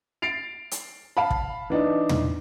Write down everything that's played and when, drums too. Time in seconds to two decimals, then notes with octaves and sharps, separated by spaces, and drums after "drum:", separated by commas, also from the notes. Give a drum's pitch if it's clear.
0.22 A6 C7 D7 F7
0.71 drum: hi-hat
1.17 F5 A5 B5
1.31 drum: kick
1.70 E3 D4 D#4
2.09 drum: tom